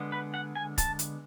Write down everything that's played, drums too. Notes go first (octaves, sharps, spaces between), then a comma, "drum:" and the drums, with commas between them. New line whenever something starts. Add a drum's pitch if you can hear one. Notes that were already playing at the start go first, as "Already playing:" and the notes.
Already playing: D3 G#3 B3
B4
F#5
G#5
A5, drum: kick D1, hi-hat
drum: hi-hat